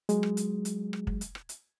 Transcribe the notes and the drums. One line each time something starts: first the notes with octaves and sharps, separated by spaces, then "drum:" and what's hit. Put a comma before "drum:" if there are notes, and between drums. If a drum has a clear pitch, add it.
F#3 G#3, drum: hi-hat
drum: rim click
drum: hi-hat
drum: hi-hat
drum: rim click
drum: kick
drum: hi-hat
drum: rim click
drum: hi-hat